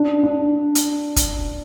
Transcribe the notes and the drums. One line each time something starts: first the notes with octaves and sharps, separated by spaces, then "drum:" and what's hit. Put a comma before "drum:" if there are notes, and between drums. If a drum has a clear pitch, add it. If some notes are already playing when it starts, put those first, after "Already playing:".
Already playing: D4
D4
drum: hi-hat
drum: kick, hi-hat